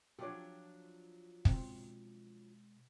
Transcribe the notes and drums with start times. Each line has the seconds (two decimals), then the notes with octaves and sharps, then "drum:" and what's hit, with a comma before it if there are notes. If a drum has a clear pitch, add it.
0.19 F3 F#3 D4 G4 C#5
1.45 B2 G#3 C4, drum: kick